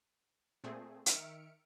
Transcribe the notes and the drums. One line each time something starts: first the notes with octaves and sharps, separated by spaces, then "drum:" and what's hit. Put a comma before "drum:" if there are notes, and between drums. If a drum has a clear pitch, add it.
A#2 A3 C4 G#4
D#3 E5 F6 C#7 D7, drum: hi-hat